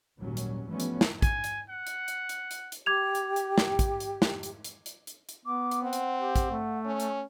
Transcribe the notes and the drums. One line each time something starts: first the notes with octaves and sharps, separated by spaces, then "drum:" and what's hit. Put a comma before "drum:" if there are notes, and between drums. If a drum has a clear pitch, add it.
G#1 D#2 A#2 F#3 G3 C#4
drum: hi-hat
E3 F3 G3 A3 B3 C#4
drum: hi-hat
drum: snare
G#5, drum: kick, hi-hat
drum: hi-hat
F#5
drum: hi-hat
drum: hi-hat
drum: hi-hat
drum: hi-hat
drum: hi-hat
G4 D6 G#6 F7
drum: hi-hat
drum: hi-hat
drum: snare
drum: kick, hi-hat
drum: hi-hat
drum: snare
drum: hi-hat
drum: hi-hat
drum: hi-hat
drum: hi-hat
drum: hi-hat
B3 D6
drum: hi-hat
C4 F#5
drum: hi-hat
G4
drum: kick, hi-hat
A3
C#4
drum: hi-hat